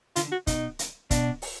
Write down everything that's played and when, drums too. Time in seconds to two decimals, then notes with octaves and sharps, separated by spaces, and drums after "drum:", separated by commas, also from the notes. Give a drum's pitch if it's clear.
0.16 D3 F4, drum: hi-hat
0.32 F#4
0.47 B2 D#4, drum: kick, hi-hat
0.79 drum: hi-hat
1.11 B2 D4, drum: kick, hi-hat
1.42 drum: open hi-hat